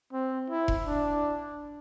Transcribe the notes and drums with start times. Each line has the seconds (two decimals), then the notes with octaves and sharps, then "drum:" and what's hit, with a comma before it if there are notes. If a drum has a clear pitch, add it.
0.13 C4
0.50 E4
0.68 drum: kick F1
0.87 D4